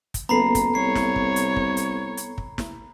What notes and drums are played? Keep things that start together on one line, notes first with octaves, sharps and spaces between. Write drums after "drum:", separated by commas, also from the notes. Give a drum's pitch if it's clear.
drum: kick, hi-hat
F#1 B3 A4 A#5 B5 C7
drum: kick, hi-hat
C2 C#5 C7
drum: snare
drum: kick
drum: hi-hat
drum: kick
drum: hi-hat
drum: hi-hat
drum: kick
drum: snare